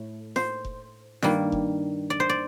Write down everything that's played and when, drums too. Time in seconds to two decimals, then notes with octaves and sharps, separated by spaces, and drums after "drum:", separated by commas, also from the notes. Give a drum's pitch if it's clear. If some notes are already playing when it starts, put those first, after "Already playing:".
Already playing: A2 A3
0.36 C5, drum: snare
0.65 drum: kick F1
1.22 G2 D#3 G3 A#3, drum: snare
1.52 drum: kick F1
2.10 D5
2.20 C5
2.29 D5